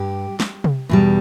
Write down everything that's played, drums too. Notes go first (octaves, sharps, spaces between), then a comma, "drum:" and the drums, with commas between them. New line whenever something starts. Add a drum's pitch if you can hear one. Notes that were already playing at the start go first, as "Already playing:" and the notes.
Already playing: G2 G4
drum: snare
drum: tom C3
E2 B2 G3